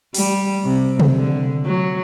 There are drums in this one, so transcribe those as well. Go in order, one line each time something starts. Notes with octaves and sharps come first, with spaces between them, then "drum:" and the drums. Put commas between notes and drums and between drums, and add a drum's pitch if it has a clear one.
G3, drum: open hi-hat
C3
drum: tom C3
D3
F#3